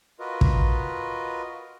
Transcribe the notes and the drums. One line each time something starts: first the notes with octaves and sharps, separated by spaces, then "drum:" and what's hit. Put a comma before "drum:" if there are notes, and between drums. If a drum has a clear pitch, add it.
F4 F#4 A#4 B4 D#5
drum: kick